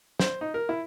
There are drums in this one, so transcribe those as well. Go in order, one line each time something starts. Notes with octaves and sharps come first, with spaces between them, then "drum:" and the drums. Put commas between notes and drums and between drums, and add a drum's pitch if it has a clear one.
C5, drum: snare
D#4
A#4
E4